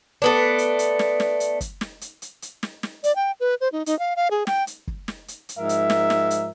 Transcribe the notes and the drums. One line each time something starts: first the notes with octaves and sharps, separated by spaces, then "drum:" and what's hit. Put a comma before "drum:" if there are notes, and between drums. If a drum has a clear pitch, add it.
A3 B3 D4
drum: hi-hat
drum: hi-hat
drum: snare
drum: snare
drum: hi-hat
drum: kick, hi-hat
drum: snare
drum: hi-hat
drum: hi-hat
drum: hi-hat
drum: snare
drum: snare
D5, drum: hi-hat
G5
B4
C5
D#4
D#4, drum: hi-hat
F5
F5
G#4
G5, drum: snare
drum: hi-hat
drum: kick
drum: snare
drum: hi-hat
drum: hi-hat
G#2 F3 A#4 E5
drum: hi-hat
drum: snare
drum: snare
drum: hi-hat